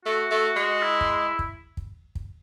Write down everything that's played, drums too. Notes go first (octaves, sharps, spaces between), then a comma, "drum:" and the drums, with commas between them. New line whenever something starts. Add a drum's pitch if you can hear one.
A3 F#4
A3
G#3
E4
drum: kick
drum: kick
drum: kick
drum: kick